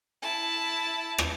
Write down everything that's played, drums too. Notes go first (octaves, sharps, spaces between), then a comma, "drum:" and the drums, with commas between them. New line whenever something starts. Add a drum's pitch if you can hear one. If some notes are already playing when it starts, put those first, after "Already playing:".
E4 A5
drum: rim click